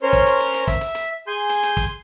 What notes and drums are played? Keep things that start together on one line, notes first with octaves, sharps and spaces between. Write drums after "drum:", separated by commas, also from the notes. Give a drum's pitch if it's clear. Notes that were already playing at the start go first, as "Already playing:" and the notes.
C#4 A#4 C5 C#5 C6
drum: kick, hi-hat
drum: hi-hat
drum: hi-hat
drum: hi-hat
E5, drum: kick, hi-hat
drum: hi-hat
drum: hi-hat
G#4 G#5 C6 G6
drum: hi-hat
drum: hi-hat
drum: kick, hi-hat